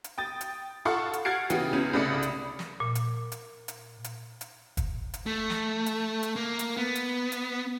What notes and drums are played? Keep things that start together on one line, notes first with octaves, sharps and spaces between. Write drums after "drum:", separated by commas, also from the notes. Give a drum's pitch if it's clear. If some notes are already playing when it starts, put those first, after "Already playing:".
drum: hi-hat
G5 D#6 A6
drum: hi-hat
F4 A4 F5 F#5 C#6
drum: hi-hat
F#5 F6 G#6 A6 C7 D7
C#3 E3 B3 C#4 F#4 G4, drum: hi-hat
C#2 B3 C#4
C2 C#3 A3 D5 B5 C#7
drum: hi-hat
drum: snare
A#2
drum: hi-hat
drum: hi-hat
drum: hi-hat
drum: hi-hat
drum: hi-hat
drum: kick, hi-hat
drum: hi-hat
A3
drum: snare
drum: hi-hat
drum: hi-hat
A#3
drum: hi-hat
B3
drum: hi-hat
drum: hi-hat